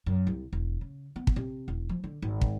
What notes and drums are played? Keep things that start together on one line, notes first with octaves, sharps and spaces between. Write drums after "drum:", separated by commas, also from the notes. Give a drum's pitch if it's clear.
F#2
C2
E1
C#3
B3
drum: kick
C3
E1
F3
D3
G#1
drum: kick